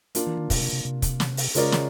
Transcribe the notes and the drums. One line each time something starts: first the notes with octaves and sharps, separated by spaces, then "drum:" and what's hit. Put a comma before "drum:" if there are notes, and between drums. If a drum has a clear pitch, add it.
A#3 D4 F4, drum: hi-hat
E3
D#3
B2, drum: kick, open hi-hat
C3
C3
C3
drum: kick, hi-hat
drum: snare
drum: open hi-hat
C#3 G#3 C#4 F4 A#4 D5, drum: hi-hat
drum: snare